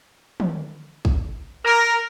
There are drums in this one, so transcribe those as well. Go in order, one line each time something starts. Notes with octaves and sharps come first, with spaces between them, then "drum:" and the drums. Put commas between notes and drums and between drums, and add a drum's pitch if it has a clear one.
drum: tom
drum: kick
A#4